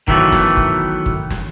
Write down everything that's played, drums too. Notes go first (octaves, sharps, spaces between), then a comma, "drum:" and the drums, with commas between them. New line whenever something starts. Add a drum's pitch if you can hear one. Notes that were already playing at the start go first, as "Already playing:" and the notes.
D#3 E3 F#3 A3 B3, drum: kick
drum: snare
drum: kick
drum: kick
drum: snare